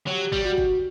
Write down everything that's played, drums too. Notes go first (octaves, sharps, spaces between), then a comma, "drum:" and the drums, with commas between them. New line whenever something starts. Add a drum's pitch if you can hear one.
F#3 G4
G3, drum: kick
F#4
drum: kick